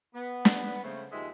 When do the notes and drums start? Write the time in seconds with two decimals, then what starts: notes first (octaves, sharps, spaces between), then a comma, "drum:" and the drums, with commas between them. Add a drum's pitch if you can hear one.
0.15 B3
0.45 drum: snare
0.84 C#3 A3 C5
1.12 D#2 F3 G#3 C5 D#5 E5